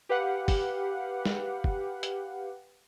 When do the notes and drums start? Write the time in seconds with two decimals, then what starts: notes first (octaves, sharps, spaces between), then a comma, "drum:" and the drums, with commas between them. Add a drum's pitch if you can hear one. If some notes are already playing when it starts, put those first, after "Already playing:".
0.09 G4 B4 F5 F#5
0.48 drum: kick, open hi-hat
1.26 drum: snare
1.64 drum: kick
2.03 drum: hi-hat